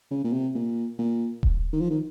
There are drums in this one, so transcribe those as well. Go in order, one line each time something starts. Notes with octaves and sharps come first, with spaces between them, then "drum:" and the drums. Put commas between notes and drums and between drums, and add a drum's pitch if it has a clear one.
C#3
A#2
C3
A#2
A#2
drum: kick D#1
D#3
F3
D#3